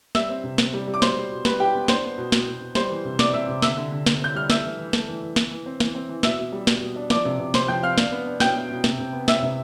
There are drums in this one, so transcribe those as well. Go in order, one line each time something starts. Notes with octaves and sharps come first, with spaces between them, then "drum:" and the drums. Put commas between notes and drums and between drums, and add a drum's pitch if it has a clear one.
G3 E5 E6, drum: snare
C4
C3
C4, drum: snare
G3
G3
D6
B2 C5 C6, drum: snare
G3
B2
G3 B4 B5, drum: snare
D4 G4 G5
B3
D4 C5 C6, drum: snare
B3
B2
B2, drum: snare
B2
B2
G3 C5 C6, drum: snare
E3
C3
C3 D5 D6, drum: snare
C3 E5 E6
C3
D3 E5 E6, drum: snare
D3
D3
D3, drum: snare
C4 G6
G3 F6
A3 E5 E6, drum: snare
E3
E3
A3, drum: snare
E3
E3
E3, drum: snare
E3
C4
E3, drum: snare
C4
E3
B2 E5 E6, drum: snare
B2
G3
B2, drum: snare
B2
D4
F3 D5 D6, drum: snare
C3
C3
C3 C5 C6, drum: snare
F3 G5 G6
C4 F5 F6
D4, drum: snare
B3
D4
B2 G5 G6, drum: snare
B2
B2
C3, drum: snare
C3
B3
C3 E5 E6, drum: snare
C3